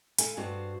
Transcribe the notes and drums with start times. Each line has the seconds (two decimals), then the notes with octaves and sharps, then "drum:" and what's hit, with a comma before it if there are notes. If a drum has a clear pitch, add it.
0.18 A4 F5 G#5, drum: hi-hat
0.37 G2 F#4 C5 F5